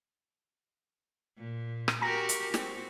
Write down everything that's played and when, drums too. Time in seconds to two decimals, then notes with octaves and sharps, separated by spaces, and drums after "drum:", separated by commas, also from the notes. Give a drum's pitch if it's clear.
1.38 A#2
1.88 drum: rim click
2.01 F#4 G4 A#4 G#5 A#5 A#6
2.29 drum: hi-hat
2.54 C4 F#4, drum: snare